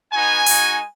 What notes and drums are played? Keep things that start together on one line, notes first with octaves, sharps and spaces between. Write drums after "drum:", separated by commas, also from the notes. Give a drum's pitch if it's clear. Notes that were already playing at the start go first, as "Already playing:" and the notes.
B3 D#4 F#4 G#5
G#3 D#4 F#4, drum: open hi-hat